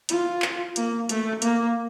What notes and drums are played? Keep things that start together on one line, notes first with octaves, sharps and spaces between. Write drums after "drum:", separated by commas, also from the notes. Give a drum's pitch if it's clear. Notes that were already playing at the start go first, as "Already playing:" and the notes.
F4, drum: hi-hat
drum: clap
A#3, drum: hi-hat
A3, drum: hi-hat
A#3, drum: hi-hat